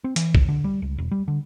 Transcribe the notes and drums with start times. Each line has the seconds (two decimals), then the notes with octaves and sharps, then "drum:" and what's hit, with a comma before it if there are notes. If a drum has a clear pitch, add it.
0.04 C4
0.16 E3, drum: hi-hat
0.35 D#2, drum: kick B1
0.48 D3
0.64 G3
0.82 C#2
0.98 E1
1.11 G3
1.28 D3